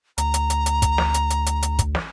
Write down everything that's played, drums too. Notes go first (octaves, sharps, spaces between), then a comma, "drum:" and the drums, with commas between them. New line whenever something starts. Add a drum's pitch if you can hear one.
D2 A#5, drum: hi-hat
drum: hi-hat
drum: hi-hat
drum: hi-hat
drum: kick, hi-hat
drum: snare
drum: hi-hat
drum: hi-hat
drum: hi-hat
drum: hi-hat
drum: kick, hi-hat
drum: snare